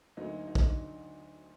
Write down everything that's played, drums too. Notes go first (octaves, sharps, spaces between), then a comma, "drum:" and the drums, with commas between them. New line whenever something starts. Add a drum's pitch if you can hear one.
D2 D3 F#3 A#3 D#4
D#4
D4, drum: kick